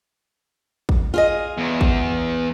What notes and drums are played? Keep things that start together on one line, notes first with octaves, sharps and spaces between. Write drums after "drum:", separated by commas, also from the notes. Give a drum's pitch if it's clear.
drum: kick A1
F4 G#4 D#5
E2
drum: kick A1